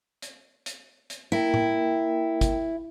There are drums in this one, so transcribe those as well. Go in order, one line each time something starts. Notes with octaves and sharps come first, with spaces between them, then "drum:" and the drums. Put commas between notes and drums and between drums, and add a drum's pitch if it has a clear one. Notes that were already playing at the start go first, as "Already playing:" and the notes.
drum: hi-hat
drum: hi-hat
drum: hi-hat
A#3 E4 A#4 G5
drum: tom A2
drum: kick, hi-hat